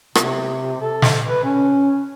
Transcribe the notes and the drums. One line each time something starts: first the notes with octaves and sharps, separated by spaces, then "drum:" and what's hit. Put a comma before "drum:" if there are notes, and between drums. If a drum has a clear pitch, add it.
C3, drum: rim click
A4
drum: snare
B4
C#4